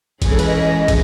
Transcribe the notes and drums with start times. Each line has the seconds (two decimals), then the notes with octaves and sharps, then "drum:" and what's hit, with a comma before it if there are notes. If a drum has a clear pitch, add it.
0.22 E3 G#3 C#4 G#4, drum: kick, cymbal
0.30 A4
0.39 B4, drum: cymbal
0.46 D#5
0.88 drum: kick, cymbal